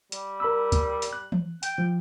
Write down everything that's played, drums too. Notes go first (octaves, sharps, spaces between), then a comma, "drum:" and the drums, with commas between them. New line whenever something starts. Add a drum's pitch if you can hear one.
G3, drum: hi-hat
A#4 B5 E6
drum: kick C#2, hi-hat
drum: hi-hat
F#6
drum: tom E3
G5, drum: hi-hat
F3